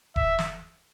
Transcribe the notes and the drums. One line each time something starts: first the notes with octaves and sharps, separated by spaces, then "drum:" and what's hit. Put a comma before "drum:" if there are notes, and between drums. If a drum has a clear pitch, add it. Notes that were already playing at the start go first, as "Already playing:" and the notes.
E5, drum: kick E1
drum: snare